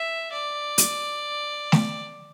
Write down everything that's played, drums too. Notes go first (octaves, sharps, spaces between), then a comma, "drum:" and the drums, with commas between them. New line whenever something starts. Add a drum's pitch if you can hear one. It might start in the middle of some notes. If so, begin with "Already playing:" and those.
Already playing: E5
D5
drum: hi-hat
drum: snare A3